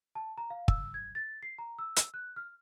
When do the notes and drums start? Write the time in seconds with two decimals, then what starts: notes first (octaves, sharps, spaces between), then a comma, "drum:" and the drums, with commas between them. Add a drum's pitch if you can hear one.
0.15 A5
0.38 A#5
0.50 F5
0.68 E6, drum: kick
0.94 G#6
1.15 A6
1.43 C7
1.59 A#5
1.79 E6
1.96 drum: hi-hat
2.14 F#6
2.36 F6